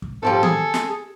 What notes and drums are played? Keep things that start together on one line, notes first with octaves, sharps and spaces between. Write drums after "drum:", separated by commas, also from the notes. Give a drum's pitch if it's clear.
drum: kick
G#2 F3 G3 A4
G#4, drum: tom D#3
drum: snare